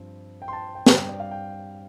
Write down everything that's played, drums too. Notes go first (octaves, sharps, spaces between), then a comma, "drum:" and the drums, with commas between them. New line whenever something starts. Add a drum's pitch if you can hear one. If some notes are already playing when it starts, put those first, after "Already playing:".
Already playing: G2 F3 C4
G5
C6
A5
G5
G2 G3 C4 G5, drum: snare
G5
D5
F5
G5